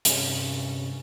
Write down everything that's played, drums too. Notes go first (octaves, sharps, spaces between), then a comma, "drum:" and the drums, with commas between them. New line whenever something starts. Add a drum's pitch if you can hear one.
G2 C3 C#4, drum: hi-hat